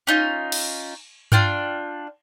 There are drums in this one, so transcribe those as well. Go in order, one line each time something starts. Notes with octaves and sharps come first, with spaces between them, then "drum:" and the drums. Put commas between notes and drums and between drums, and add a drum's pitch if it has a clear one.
C#4 D#4 F4
drum: cymbal
D4 F4 G5 F6, drum: tom G2